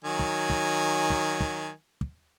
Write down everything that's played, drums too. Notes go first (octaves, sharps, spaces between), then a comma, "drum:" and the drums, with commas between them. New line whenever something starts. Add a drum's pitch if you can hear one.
D#3 F#3 G#5
drum: kick
drum: kick
drum: kick
drum: kick
drum: kick